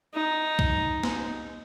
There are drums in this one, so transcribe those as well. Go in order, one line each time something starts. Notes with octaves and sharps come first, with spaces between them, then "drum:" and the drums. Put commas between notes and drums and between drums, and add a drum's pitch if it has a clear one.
D#4
drum: kick
drum: snare